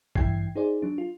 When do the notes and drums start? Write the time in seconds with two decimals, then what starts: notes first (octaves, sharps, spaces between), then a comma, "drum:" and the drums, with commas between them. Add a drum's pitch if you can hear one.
0.15 G2 E3 E4 G5 G#6 C7, drum: kick A#1
0.56 D#4 G#4 C5 D5
0.82 F#3 D4
0.98 F4